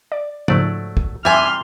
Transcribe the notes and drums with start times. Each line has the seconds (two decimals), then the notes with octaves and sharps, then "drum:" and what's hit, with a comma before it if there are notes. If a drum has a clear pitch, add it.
0.12 D5
0.48 G#2 F3 F#3 A3 D5, drum: tom C#3
0.97 drum: kick
1.25 C3 E3 G3 E5 G#5 C6 F6